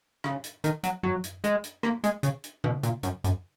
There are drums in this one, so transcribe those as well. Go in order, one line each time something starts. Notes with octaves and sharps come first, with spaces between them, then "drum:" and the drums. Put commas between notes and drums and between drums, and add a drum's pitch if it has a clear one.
C#3, drum: rim click
drum: hi-hat
D#3, drum: hi-hat
F#3, drum: hi-hat
F#3, drum: tom F#2
drum: hi-hat
G#3, drum: hi-hat
drum: hi-hat
A#3, drum: rim click
G#3, drum: hi-hat
C#3, drum: hi-hat
drum: hi-hat
B2, drum: tom C#3
A#2, drum: hi-hat
F#2, drum: hi-hat
F#2, drum: hi-hat